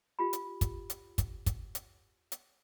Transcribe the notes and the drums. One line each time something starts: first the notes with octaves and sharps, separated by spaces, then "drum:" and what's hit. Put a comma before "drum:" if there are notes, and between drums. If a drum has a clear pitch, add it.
F4 G4 B5
drum: hi-hat
drum: kick, hi-hat
drum: hi-hat
drum: kick, hi-hat
drum: kick, hi-hat
drum: hi-hat
drum: hi-hat